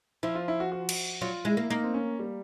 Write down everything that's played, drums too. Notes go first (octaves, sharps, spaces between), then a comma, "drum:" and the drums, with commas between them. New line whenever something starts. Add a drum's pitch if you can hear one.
F3 E4
F4
E4
F#4
F#4
drum: cymbal
F#3 F4
G#3 E4
A#3
A#3 D#4
C4
C#4
G3